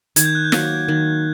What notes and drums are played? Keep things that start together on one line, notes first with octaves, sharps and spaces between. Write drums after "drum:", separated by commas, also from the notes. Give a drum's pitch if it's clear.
D#3 G#6, drum: hi-hat
G6
F#6
G6
F#3 A#3, drum: snare
D#3